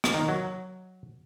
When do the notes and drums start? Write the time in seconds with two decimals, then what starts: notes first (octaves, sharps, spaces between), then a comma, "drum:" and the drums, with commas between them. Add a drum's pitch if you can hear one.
0.04 drum: rim click
0.14 D#3
0.28 F#3